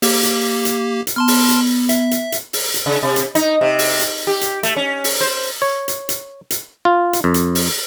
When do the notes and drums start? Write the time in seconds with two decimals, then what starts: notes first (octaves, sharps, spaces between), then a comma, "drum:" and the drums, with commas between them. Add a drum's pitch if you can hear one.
0.02 A#3 G4, drum: open hi-hat
0.23 drum: hi-hat
0.65 drum: hi-hat
1.07 drum: hi-hat
1.16 B3 A5 C6 F6
1.28 drum: open hi-hat
1.49 drum: hi-hat
1.89 E5, drum: hi-hat
2.11 drum: hi-hat
2.32 drum: hi-hat
2.53 drum: open hi-hat
2.74 drum: hi-hat
2.86 C#3
3.03 C3
3.16 drum: hi-hat
3.35 D#4, drum: hi-hat
3.61 C3
3.79 drum: open hi-hat
4.00 drum: hi-hat
4.27 G4
4.41 drum: hi-hat
4.63 A3, drum: hi-hat
4.76 C#4
5.04 drum: open hi-hat
5.21 C5
5.62 C#5
5.88 drum: hi-hat
6.09 drum: hi-hat
6.50 drum: hi-hat
6.85 F4
7.13 drum: hi-hat
7.24 F2
7.34 drum: hi-hat
7.55 drum: open hi-hat